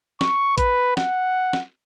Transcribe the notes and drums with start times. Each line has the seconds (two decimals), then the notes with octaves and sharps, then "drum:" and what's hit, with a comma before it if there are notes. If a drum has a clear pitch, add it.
0.21 C#6, drum: snare
0.58 B4, drum: kick A1, hi-hat
0.97 F#5, drum: snare
1.53 drum: snare